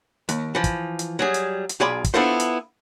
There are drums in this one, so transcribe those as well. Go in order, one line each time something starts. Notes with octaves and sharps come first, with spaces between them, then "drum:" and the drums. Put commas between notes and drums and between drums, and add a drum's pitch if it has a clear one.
D#2, drum: hi-hat
E3 F3
drum: kick, hi-hat
drum: hi-hat
F#3 G3 G#4
drum: hi-hat
drum: hi-hat
B1 F4 G#4 D5 B5
drum: kick, hi-hat
B3 D4 E4 F4 A4 C5
drum: hi-hat